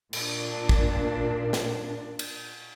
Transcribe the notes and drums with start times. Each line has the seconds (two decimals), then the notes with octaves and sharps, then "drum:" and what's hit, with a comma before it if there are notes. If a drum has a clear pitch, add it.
0.13 A#2 D4, drum: cymbal
0.69 drum: kick
1.53 drum: snare
2.19 drum: cymbal